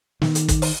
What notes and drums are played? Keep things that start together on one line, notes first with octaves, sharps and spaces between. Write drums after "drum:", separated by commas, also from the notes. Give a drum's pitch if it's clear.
D#3, drum: snare
drum: hi-hat
drum: kick, hi-hat
drum: open hi-hat